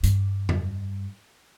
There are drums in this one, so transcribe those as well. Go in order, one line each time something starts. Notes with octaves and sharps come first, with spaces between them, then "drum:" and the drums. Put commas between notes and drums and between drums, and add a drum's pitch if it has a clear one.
G2, drum: hi-hat
drum: tom F2